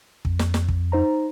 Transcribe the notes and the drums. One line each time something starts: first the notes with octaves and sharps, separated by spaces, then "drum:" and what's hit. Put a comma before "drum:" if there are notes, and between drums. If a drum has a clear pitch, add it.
F2, drum: kick
drum: snare
drum: snare
drum: kick
D#4 C5 A#5